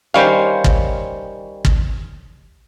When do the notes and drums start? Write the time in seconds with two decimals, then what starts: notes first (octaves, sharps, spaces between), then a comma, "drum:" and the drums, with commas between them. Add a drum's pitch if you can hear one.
0.14 D#3 G3 C#4 C5 C#5 F5
0.64 drum: kick
1.65 drum: kick